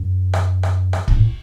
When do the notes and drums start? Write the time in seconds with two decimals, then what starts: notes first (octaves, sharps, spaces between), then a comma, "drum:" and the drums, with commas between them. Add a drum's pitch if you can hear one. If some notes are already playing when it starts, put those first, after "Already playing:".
Already playing: F#2
0.33 drum: rim click
0.63 drum: rim click
0.93 drum: rim click
1.08 F#2, drum: kick
1.16 A2